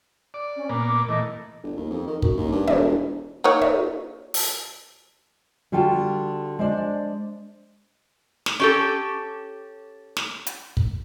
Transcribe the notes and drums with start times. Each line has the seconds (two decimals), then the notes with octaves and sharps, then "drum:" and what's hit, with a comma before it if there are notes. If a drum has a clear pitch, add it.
0.34 D5
0.57 C#4
0.69 A#2 A#3 B3 D6
0.88 D6
1.09 A#2 E3 A3 D#5
1.63 G1
1.76 D#2
1.91 F2
2.07 D#3
2.22 F#2, drum: kick
2.37 D#2
2.52 G2
2.67 E1, drum: tom
3.44 A#3 D#4 C#5
3.61 drum: tom
4.34 drum: open hi-hat
5.72 D3 G3 F4 F#4 G5 A5
6.59 G#3 D4 C5 D5
8.46 drum: snare
8.60 C#4 G4 A4
10.17 drum: snare
10.47 drum: hi-hat
10.77 drum: kick